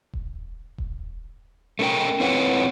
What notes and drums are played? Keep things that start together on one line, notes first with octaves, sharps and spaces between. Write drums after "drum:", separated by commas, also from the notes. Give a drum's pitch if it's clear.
drum: kick D#1
drum: kick D#1
A3 C#4 A#4 G5
C4 E4 F4 B4 C#5 F#5